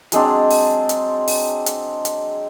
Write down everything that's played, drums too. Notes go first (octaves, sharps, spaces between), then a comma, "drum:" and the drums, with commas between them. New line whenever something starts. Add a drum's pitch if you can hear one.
F#3 G#3 C4 D4, drum: hi-hat
drum: open hi-hat
drum: hi-hat
drum: open hi-hat
drum: hi-hat
drum: hi-hat